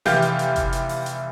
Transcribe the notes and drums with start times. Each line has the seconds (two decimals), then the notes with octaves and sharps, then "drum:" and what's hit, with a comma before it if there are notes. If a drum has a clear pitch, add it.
0.05 F1 E3 G4 F5 G6, drum: snare
0.22 drum: hi-hat
0.39 drum: hi-hat
0.56 drum: kick F#1, hi-hat
0.72 drum: hi-hat
0.89 drum: open hi-hat
1.06 drum: hi-hat